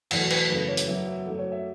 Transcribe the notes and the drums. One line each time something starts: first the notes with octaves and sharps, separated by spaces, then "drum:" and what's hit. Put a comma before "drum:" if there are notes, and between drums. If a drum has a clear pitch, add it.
E2 B2 F#3 A3 F#5, drum: cymbal
B4, drum: cymbal
F#2 C#3 E3 A3 B4
C#5
drum: hi-hat
F#2 F#3 B3 E5
E5
F#2 F#3 A3
C#5
E5